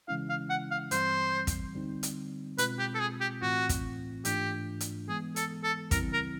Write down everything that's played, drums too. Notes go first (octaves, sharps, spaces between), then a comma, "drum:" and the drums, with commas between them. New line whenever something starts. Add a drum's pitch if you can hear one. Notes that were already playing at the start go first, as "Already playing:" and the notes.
C#3 E3 G#3 C#4 E4 F5
F5
F#5
F5
G2 E3 G3 C4 C5, drum: hi-hat
drum: kick, hi-hat
D3 G3 C4 D#4
drum: hi-hat
B2 G#3 C4 F4 B4, drum: hi-hat
G4
A4
G#4
G4
A2 E3 A3 C4 F4 F#4
drum: kick, hi-hat
G#2 E3 A3 D4 F4 G4, drum: hi-hat
drum: hi-hat
E3 G#3 B3 G#4
A4, drum: hi-hat
A4
C#3 E3 G3 C4 E4 A#4, drum: kick, hi-hat
A#4